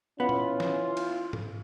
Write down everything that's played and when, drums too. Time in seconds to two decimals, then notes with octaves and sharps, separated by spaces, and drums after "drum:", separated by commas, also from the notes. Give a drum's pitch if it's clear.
0.20 E3 B3 C#4 F4
0.29 drum: tom A#2
0.60 drum: snare
0.97 drum: cymbal
1.33 drum: tom G#2